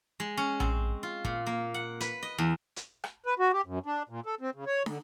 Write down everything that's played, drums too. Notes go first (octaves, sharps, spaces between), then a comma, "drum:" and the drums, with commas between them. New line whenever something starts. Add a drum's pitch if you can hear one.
G#3
C#4
C4, drum: tom A#1
F4
A#2, drum: kick
A#3
F#5
B4, drum: hi-hat
D#5
E2
drum: hi-hat
drum: rim click
B4
F#4
G4
F#2
D4
A#2
A4
C4
C#3
C#5
D3, drum: snare